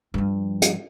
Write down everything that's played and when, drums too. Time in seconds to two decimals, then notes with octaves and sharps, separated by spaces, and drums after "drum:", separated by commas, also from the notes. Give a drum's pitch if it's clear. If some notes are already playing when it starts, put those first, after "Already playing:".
0.14 G2 F3
0.62 drum: hi-hat